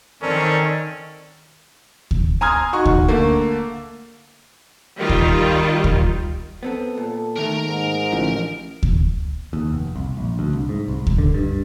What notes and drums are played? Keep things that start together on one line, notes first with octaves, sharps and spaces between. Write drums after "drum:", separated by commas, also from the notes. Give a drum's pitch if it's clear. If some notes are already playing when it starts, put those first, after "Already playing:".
D#3 C4 C#4 A4 A#4 D5
drum: kick D2
G#5 A#5 C6 D#6 F6 G#6
D#4 F#4 C#6
drum: kick D2
D3 A3 A#3
D#3 G3 F4
drum: kick D2
drum: kick D2
B3 C4 A4
A#2 A4
D#2 D#3 A3 A#4 A#5
G#2
A1 D3 F3
drum: kick D2
D#2
F1
C2
A#1
D2
C2
G#2
C2
drum: kick D2
D3
G2